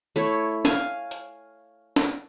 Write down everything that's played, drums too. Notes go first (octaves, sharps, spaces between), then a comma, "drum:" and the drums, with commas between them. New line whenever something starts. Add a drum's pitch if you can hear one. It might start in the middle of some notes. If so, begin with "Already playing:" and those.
A3 E4 C#5
F5 G#5, drum: snare
drum: hi-hat
drum: snare